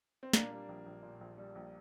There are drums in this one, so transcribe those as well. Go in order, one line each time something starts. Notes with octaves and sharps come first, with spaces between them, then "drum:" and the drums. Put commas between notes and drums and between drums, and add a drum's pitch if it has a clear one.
C4
A#2 A#3 D4, drum: snare
G3
A#1
A#1
A#2
A#1
G3
A#1